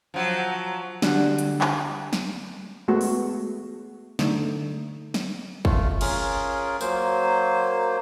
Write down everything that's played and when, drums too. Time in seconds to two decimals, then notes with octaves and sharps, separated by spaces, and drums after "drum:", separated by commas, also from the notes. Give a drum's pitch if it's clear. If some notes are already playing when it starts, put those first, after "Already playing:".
0.14 F3 F#3
1.02 D3 G3 D4 F#4, drum: snare
1.38 drum: hi-hat
1.61 drum: clap
2.13 drum: snare
2.88 G#3 A3 B3 F#4
3.01 drum: open hi-hat
4.19 D3 A3 D#4, drum: snare
5.14 drum: snare
5.65 A3 F4, drum: kick
6.01 C#4 F4 G#4 A#4, drum: cymbal
6.81 F#3 A#3 C5, drum: tambourine